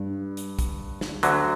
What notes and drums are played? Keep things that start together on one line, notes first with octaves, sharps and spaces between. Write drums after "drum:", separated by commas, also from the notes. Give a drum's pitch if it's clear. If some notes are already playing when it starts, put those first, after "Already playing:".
Already playing: G2
drum: hi-hat
drum: kick, hi-hat
drum: snare
D2 D3 F#3, drum: hi-hat